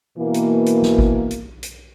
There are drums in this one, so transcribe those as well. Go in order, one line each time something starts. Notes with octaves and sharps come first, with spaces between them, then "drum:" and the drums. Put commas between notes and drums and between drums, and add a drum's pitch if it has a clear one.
B2 E3 A#3
drum: hi-hat
drum: hi-hat
drum: snare
drum: kick G1
drum: hi-hat
drum: hi-hat